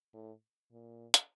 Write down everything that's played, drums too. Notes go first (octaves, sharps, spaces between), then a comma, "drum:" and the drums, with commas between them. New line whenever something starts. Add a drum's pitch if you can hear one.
A2
A#2
drum: hi-hat